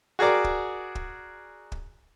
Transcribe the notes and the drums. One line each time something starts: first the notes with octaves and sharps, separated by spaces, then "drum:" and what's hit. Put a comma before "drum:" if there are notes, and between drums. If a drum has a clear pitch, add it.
F#4 G#4 A#4 D5 D6
drum: kick
drum: kick
drum: kick